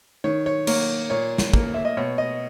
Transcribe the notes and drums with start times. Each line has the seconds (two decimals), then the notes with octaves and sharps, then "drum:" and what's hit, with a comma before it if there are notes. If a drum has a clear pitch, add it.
0.24 D#3 C#5
0.46 C#5
0.67 A#3 C#5, drum: cymbal
1.10 A#2 C#5
1.38 drum: snare
1.54 A#3, drum: kick
1.74 E5
1.85 D#5
1.97 B2 C#5
2.18 D#5